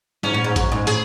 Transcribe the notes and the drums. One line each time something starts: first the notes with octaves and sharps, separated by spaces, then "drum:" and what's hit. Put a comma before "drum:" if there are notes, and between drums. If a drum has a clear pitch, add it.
G#2 C#4, drum: snare
A2
G#2
F#2, drum: kick A1, hi-hat
G#2
A2 G#4, drum: hi-hat